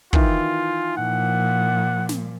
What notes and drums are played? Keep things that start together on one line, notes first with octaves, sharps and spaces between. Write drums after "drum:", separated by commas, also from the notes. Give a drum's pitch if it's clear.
D#3 E3 F4, drum: kick
A#2 F3 F#5
drum: snare